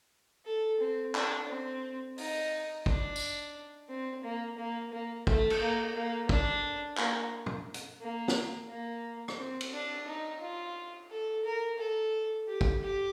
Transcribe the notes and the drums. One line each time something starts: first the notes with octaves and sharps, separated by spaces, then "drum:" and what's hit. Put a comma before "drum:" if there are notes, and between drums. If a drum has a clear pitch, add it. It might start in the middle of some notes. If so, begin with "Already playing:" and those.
A4
C4
D4, drum: clap
C4
D#4, drum: open hi-hat
D4, drum: kick
drum: tambourine
C4
A#3
A#3
A#3
A3, drum: kick
drum: cymbal
A#3
A#3
D4, drum: kick
A#3, drum: clap
drum: tom
drum: hi-hat
A#3
drum: snare
A#3
drum: rim click
C4
drum: cymbal
D4
D#4
F4
A4
A#4
A4
G4
drum: kick
G4